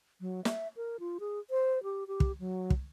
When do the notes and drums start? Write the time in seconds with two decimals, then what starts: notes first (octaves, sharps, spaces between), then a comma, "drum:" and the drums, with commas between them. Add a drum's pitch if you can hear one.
0.21 F#3
0.45 E5, drum: snare
0.77 A#4
1.00 F4
1.20 G#4
1.50 C5
1.83 G4
2.08 G4
2.20 drum: kick
2.40 F#3
2.70 drum: kick